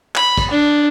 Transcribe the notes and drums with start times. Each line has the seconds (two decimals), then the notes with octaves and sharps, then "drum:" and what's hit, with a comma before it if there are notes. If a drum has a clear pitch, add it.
0.16 B5, drum: clap
0.38 drum: kick, cymbal
0.51 D4